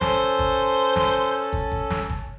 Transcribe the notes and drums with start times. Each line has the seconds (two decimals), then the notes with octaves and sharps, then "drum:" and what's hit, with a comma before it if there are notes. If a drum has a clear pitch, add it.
0.01 C#4 A4 C5, drum: snare
0.39 drum: kick
0.96 drum: snare
1.53 drum: kick
1.72 drum: kick
1.91 drum: snare
2.09 drum: kick